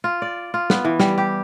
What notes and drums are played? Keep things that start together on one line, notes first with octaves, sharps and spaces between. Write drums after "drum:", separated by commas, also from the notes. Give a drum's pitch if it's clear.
F4
D5
F4
B3, drum: snare
E3
G3, drum: snare
G4